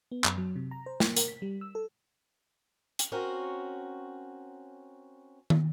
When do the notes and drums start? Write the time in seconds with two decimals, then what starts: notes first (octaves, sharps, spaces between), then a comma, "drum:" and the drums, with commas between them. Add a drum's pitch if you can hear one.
0.12 B3
0.24 F#2, drum: clap
0.38 F#3
0.56 C3
0.71 A#5
0.86 C5
1.00 A#3, drum: snare
1.16 A#4, drum: hi-hat
1.28 B6
1.42 G3
1.61 E6
1.75 A4
2.99 drum: hi-hat
3.12 C4 C#4 F#4 A#4
5.50 drum: tom